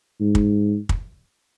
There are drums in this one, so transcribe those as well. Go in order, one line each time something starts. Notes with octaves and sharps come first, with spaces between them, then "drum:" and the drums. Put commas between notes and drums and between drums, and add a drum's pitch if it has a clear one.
G#2
drum: kick
drum: kick